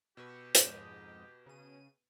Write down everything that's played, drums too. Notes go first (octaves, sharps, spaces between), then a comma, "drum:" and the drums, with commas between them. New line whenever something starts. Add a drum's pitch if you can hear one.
B2 G4 B4 C#6 E6
F2 G#2 D#5, drum: hi-hat
C#3 D#7